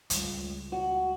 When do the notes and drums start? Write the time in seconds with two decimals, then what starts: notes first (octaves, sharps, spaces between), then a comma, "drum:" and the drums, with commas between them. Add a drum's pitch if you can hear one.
0.10 C#2 G3, drum: hi-hat
0.72 F#4